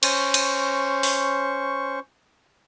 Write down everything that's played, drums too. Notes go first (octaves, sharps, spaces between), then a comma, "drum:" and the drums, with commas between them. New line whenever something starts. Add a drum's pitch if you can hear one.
C#4 C5 C#6, drum: cymbal
drum: cymbal
drum: open hi-hat